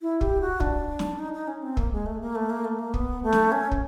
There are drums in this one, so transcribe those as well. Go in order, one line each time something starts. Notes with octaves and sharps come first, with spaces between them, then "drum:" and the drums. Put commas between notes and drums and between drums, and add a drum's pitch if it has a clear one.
E4
G4, drum: kick
F#4
D4, drum: kick
drum: snare
D#4
D#4
C#4
C4
A#3, drum: kick
G#3
A3
A#3
A3
A#3
A3
A#3
B3, drum: kick
A3
drum: snare
C#4
drum: kick